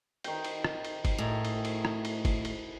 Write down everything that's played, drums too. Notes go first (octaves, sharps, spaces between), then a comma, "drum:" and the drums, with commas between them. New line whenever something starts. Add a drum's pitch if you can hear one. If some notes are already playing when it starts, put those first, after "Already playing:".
D#3 G5, drum: cymbal
drum: cymbal
drum: rim click
drum: cymbal
drum: kick G1, cymbal
A2 D#3 G#4
drum: cymbal
drum: cymbal
drum: rim click
drum: cymbal
drum: kick G1, cymbal
drum: cymbal